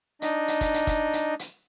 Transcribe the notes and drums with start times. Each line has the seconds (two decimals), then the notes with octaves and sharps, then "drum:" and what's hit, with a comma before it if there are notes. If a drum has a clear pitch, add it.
0.22 D4 D#4 D#5, drum: hi-hat
0.48 drum: hi-hat
0.61 drum: kick, hi-hat
0.74 drum: hi-hat
0.87 drum: kick, hi-hat
1.13 drum: hi-hat
1.39 drum: hi-hat